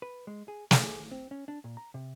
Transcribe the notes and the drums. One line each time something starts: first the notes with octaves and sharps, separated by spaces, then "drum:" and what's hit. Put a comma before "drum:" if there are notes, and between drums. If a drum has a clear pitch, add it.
B4
G#3
G#4
G#4, drum: snare
C4
C#4
D4
A#2
A#5
C3